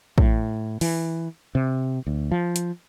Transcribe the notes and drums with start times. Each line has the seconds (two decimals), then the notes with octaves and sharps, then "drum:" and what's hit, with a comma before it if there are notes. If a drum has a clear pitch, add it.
0.18 A2, drum: kick
0.81 E3, drum: open hi-hat
1.55 C3
2.07 D2
2.32 F3
2.56 drum: hi-hat